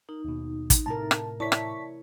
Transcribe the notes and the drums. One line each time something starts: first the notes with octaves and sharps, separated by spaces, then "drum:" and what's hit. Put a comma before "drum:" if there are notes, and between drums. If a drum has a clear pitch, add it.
D#4 A#4
D#2 B2
drum: kick, hi-hat
A2 C3 A3 A#4 A5 A#5
drum: rim click
E4 C#5 D5 A5 C#6 B6
drum: rim click